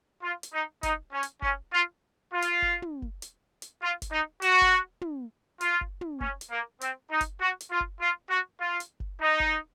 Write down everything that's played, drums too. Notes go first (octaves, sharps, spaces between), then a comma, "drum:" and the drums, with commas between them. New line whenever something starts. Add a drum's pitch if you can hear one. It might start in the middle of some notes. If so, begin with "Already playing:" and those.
F4
drum: hi-hat
D#4
D#4, drum: kick F#1, hi-hat
C#4
drum: hi-hat
C#4, drum: kick F#1
F4
F4
drum: hi-hat
drum: kick F#1
drum: tom
drum: kick F#1
drum: hi-hat
drum: hi-hat
F4
drum: kick F#1, hi-hat
D#4
F#4, drum: hi-hat
drum: kick F#1
drum: tom
F4, drum: hi-hat
drum: kick F#1
drum: tom
C#4, drum: kick F#1
drum: hi-hat
A#3
C4, drum: hi-hat
D#4
drum: kick F#1, hi-hat
F#4
drum: hi-hat
F4
drum: kick F#1
F4
F#4
F4
drum: hi-hat
drum: kick F#1
D#4
drum: kick F#1